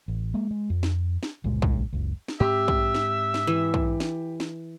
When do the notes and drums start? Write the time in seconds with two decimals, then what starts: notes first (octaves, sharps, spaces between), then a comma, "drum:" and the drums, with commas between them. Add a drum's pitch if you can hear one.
0.08 A1
0.34 G#3 A#3
0.51 G#3
0.70 F2
0.83 drum: snare
1.23 drum: snare
1.44 G1 C#2 A#2 G#3
1.62 drum: kick
1.93 F#1 C#2
2.28 drum: snare
2.40 G#2 C4 G4 E5
2.68 drum: kick
2.95 drum: snare
3.34 drum: snare
3.47 E3
3.74 drum: kick
4.00 drum: snare
4.40 drum: snare